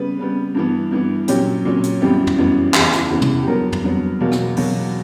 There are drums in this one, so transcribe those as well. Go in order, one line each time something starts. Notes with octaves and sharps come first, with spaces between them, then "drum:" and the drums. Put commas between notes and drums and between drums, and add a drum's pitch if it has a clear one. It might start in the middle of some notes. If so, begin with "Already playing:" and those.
Already playing: C#3 G3 B3 B4
C#3 G3 B3
G2 E3 B3
G2 E3 B3
A#2 F#3 C#4 G4, drum: hi-hat
A#2 F#3 C#4
drum: hi-hat
F#2 E3 G3 B3 G4
drum: tom
F#2 E3 G3 B3
E2 C#3 E3 G4, drum: clap
drum: snare
E2 C#3 E3
drum: tom
G4
G2 F#3 B3 A#4
drum: tom
G2 F#3 B3
E2 B2 F#3 A#3
drum: rim click
E2 B2 F#3 A#3, drum: open hi-hat